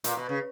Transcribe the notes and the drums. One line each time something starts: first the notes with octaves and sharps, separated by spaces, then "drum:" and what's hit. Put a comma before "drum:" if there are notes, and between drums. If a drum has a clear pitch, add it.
A#2, drum: hi-hat
B2
C#3